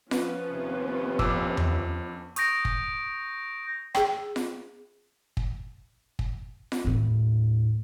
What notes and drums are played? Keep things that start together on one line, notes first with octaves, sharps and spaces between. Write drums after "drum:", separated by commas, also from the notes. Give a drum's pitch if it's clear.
F3 B3 C#4 B4, drum: snare F4
D#2 C3
F2 D6 E6, drum: kick
drum: tom E2
C#6 D#6 G6 A#6 D7, drum: hi-hat
drum: kick
G#4 G5, drum: rim click
drum: snare F4
drum: kick
drum: kick
drum: snare F4
D#2 A2